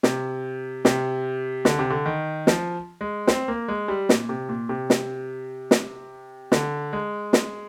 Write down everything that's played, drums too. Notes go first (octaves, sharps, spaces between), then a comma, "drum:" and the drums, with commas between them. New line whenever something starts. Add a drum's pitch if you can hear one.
C3, drum: snare
C3, drum: snare
D3, drum: snare
C3
D3
D#3
F3, drum: snare
G#3
C4, drum: snare
A#3
G#3
G3
A#2, drum: snare
C3
A#2
C3
drum: snare
drum: snare
D3, drum: snare
G#3
drum: snare